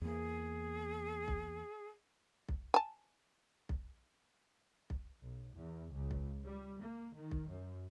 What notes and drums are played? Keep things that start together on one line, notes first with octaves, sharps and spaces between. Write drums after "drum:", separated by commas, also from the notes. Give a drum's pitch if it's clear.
E2 A#3 G#4
drum: kick B1
drum: kick B1
G#5 A5
drum: kick B1
drum: kick B1
B1
E2
C#2
drum: kick B1
G3
A#3
D#3
drum: kick B1
F#2